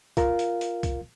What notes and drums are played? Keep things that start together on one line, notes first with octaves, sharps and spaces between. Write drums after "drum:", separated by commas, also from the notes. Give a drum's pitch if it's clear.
F4 A#4 F5, drum: kick C2, hi-hat
drum: hi-hat
drum: hi-hat
drum: kick C2, hi-hat